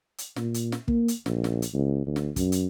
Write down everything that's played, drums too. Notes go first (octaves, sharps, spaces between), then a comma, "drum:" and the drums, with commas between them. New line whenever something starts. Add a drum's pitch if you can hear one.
drum: hi-hat
A#2, drum: snare
drum: hi-hat
drum: snare
A#3, drum: kick
drum: hi-hat
A#1, drum: snare
drum: snare
drum: hi-hat
C#2
D2
drum: snare
F#2, drum: kick, hi-hat
drum: hi-hat